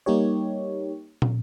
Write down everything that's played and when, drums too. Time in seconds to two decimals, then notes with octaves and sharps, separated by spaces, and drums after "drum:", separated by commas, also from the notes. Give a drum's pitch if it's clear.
0.06 G3 A#3 D#4 G4 C#5
1.22 drum: tom